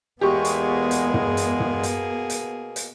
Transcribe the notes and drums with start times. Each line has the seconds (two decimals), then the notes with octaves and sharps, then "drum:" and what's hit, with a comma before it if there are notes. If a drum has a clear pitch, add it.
0.21 E2 B2 G#3 A#3 B3 G4 G#4 C#6
0.45 drum: hi-hat
0.91 drum: hi-hat
1.14 drum: tom
1.37 drum: hi-hat
1.60 drum: tom
1.83 drum: hi-hat
2.30 drum: hi-hat
2.76 drum: hi-hat